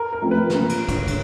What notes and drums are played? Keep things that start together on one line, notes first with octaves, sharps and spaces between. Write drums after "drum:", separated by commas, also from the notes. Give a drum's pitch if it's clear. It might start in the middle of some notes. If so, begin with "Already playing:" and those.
Already playing: A#4
A#4
F3 A3 C4
B4
A#2, drum: snare
drum: cymbal
drum: kick, cymbal
drum: kick, cymbal